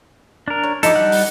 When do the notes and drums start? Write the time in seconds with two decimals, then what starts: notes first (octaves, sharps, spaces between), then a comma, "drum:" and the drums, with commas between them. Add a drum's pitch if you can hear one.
0.48 D4 A#4
0.63 C#5
0.83 F3 D#4 E4 A4 D6, drum: hi-hat
0.96 G3 F#5
1.12 drum: open hi-hat